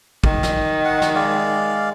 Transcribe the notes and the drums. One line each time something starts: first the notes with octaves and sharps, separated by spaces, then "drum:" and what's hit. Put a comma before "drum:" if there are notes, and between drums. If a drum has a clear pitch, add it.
D#3, drum: kick
drum: snare
F#5
drum: snare
G#3 D5 F5